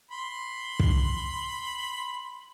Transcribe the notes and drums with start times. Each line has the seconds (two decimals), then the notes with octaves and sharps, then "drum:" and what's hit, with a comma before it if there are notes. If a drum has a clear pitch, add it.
0.11 B5 C6
0.80 drum: kick